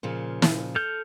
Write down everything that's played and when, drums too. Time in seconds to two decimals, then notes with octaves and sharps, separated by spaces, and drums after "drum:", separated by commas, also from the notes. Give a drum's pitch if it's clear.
0.03 A#2 C#3 F3
0.42 drum: snare
0.76 A4 F6 G6